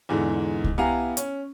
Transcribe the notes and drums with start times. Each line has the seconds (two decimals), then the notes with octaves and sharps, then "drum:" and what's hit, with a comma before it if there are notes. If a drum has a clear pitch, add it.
0.09 E2 G#2 D3 E3
0.64 drum: kick C2
0.78 B3 E4 G4 F5 G#5 A#5
1.17 C#4, drum: hi-hat